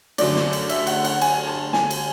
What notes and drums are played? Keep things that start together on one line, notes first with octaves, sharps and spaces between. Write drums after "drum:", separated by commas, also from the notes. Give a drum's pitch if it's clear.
F#2 D3 F#3 A3 D5, drum: cymbal
drum: snare
drum: cymbal
E5, drum: cymbal
F#5, drum: cymbal
F#5, drum: cymbal
G#5, drum: cymbal
A5
G#5, drum: snare
drum: cymbal